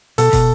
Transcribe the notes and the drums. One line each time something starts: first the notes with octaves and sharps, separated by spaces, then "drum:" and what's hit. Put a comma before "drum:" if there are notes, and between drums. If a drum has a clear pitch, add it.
B2 A4, drum: open hi-hat
B2, drum: kick, open hi-hat